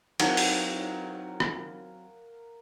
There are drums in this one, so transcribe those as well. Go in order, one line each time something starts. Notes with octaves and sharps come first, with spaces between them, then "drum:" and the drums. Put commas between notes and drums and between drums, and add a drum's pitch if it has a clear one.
F#3 C4 D#4 E4 A#4 C#5 F5 F#5, drum: cymbal
drum: open hi-hat
drum: rim click